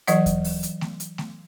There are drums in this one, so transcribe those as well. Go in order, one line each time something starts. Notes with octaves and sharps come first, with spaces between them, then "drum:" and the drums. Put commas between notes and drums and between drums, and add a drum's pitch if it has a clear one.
E3 F#3 D#5 F#5, drum: hi-hat
drum: kick D#2, hi-hat
drum: open hi-hat
drum: hi-hat
drum: snare A3
drum: hi-hat
drum: snare A3